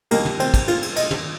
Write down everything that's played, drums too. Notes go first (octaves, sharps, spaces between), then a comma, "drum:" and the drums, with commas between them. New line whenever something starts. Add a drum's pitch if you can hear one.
D#2 D#3 G3 A#3, drum: cymbal
drum: tom
C4, drum: cymbal
drum: kick, cymbal
F4, drum: cymbal
drum: cymbal
D#5, drum: cymbal
drum: tom